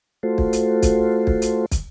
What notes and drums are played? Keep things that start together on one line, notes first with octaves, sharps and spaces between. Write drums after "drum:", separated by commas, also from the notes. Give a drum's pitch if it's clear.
A3 F4 F#4 A4 C5
drum: kick
drum: hi-hat
drum: kick, hi-hat
drum: kick
drum: hi-hat
drum: kick, hi-hat